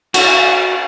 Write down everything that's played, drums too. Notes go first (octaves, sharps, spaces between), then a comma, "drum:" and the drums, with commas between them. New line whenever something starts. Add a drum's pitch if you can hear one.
F#4, drum: cymbal